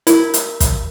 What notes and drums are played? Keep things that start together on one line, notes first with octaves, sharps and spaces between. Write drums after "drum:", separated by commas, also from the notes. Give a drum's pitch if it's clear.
E4 A#4, drum: hi-hat
drum: hi-hat
drum: kick, hi-hat